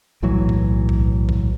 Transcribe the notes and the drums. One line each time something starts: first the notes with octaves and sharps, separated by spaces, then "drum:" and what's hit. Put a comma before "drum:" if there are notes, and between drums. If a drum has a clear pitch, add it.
B1 A2 E3 F#3
drum: kick A#1
drum: kick A#1
drum: kick A#1